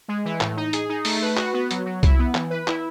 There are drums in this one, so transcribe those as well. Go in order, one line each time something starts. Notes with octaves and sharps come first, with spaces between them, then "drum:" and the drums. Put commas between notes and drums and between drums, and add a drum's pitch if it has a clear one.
G#3
E3
A2, drum: clap
D#4
G#4, drum: hi-hat
D#4
A3, drum: open hi-hat
B4
F#4, drum: clap
B3
F#3, drum: hi-hat
F#3
E4, drum: kick C2, hi-hat
B3
E3, drum: clap
B4
E4, drum: clap